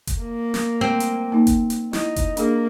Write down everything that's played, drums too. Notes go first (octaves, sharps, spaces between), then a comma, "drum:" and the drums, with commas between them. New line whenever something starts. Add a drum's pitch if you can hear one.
drum: kick F1, hi-hat
A#3
drum: snare
C4
drum: hi-hat
A#3 D#4
drum: kick F1, hi-hat
drum: hi-hat
D#4 E4, drum: snare
drum: kick F1, hi-hat
A#3 D4 G#4, drum: hi-hat